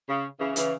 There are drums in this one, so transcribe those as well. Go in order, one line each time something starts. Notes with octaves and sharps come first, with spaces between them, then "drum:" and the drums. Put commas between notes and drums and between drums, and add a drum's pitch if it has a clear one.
C#3
C#3 E3
C#3 E3, drum: hi-hat